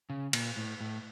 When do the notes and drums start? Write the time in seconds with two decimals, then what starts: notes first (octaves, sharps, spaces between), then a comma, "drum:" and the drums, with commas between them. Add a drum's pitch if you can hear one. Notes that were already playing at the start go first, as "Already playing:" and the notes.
0.10 C#3
0.33 A#2, drum: cymbal
0.56 A2
0.81 A2